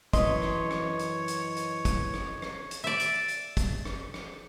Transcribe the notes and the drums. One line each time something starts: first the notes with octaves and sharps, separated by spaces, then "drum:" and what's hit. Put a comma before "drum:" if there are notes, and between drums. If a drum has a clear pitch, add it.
F#2 E3 C#5 D#5 C6, drum: kick, hi-hat
drum: rim click
drum: rim click
drum: hi-hat
drum: hi-hat
drum: hi-hat
drum: kick, hi-hat
drum: rim click
drum: rim click
drum: hi-hat
D5 E5
drum: hi-hat
drum: hi-hat
drum: kick, hi-hat
drum: rim click
drum: rim click